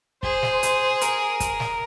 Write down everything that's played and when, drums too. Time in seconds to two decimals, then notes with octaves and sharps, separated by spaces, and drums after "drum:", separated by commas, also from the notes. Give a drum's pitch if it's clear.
0.23 G#4 C5, drum: kick
0.43 drum: snare
0.63 C5, drum: hi-hat
1.01 A#4, drum: hi-hat
1.40 drum: kick, hi-hat
1.60 drum: snare